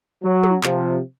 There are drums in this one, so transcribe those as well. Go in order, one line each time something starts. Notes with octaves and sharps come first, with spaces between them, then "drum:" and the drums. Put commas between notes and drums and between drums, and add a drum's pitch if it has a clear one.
F#3
drum: tom
C3 F3, drum: clap